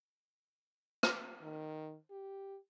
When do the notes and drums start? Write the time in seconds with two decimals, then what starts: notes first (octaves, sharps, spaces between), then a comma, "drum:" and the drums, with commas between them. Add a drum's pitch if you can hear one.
1.03 drum: rim click
1.42 D#3
2.11 G4